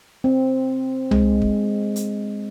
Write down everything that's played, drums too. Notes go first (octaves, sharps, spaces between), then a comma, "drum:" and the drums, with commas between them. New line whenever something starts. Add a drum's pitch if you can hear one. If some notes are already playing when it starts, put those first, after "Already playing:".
C4
G#3, drum: tom C2
drum: kick
drum: hi-hat